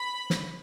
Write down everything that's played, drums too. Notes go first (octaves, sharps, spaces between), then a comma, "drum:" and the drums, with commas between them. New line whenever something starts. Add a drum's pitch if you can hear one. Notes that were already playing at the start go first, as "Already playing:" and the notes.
Already playing: B5
drum: snare